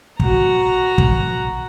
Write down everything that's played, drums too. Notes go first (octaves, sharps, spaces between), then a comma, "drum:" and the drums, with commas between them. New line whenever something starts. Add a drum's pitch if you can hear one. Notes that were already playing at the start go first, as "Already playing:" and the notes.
F#4 A#5, drum: kick
drum: kick